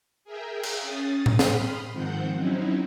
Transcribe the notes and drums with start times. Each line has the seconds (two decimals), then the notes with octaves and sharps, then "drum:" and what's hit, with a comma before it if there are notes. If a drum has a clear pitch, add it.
0.24 G#4 A#4 E5 G5
0.63 drum: cymbal
0.81 C#4 D#6 A6
1.26 drum: tom A2
1.39 B5 C6 D#6 F6, drum: snare
1.92 G#2 D#3 F3 C4 F#5 G6
2.35 F#3 C4 C#4 D#4 E4